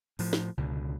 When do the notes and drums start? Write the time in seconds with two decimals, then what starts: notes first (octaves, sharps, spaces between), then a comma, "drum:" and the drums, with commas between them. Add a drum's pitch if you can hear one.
0.19 A2 F3, drum: open hi-hat
0.33 drum: snare
0.57 C#2 B2 D3